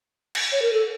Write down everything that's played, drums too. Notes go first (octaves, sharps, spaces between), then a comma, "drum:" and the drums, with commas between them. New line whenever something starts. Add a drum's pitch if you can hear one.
drum: cymbal
C#5
A#4
A4